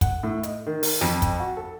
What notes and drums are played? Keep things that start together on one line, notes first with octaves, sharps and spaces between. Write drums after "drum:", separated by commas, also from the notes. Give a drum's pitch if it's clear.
F#5, drum: kick, hi-hat
A2
D#5, drum: hi-hat
D#3
drum: open hi-hat
F2, drum: snare
drum: kick, hi-hat
F#4
A4